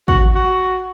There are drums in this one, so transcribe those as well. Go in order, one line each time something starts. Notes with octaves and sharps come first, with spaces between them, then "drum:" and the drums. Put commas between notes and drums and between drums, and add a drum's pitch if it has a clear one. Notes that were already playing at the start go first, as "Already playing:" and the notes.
F#4, drum: kick
F#4